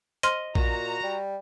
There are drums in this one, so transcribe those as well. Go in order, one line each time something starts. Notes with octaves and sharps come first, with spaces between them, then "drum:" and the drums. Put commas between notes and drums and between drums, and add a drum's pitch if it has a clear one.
C5 D#5 C6 F6, drum: hi-hat
A#2 F#4 A#5, drum: kick A#1
G3